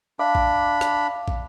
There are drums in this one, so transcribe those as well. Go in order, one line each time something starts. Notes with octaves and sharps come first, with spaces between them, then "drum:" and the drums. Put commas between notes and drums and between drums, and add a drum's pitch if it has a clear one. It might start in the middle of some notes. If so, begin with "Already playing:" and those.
D4 E5 F5 B5 D6
drum: kick
drum: rim click
drum: kick